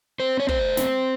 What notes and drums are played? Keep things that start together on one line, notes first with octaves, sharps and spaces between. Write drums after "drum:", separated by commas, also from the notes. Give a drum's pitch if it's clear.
C4 C5
C#5
A3 C5, drum: kick
C4, drum: snare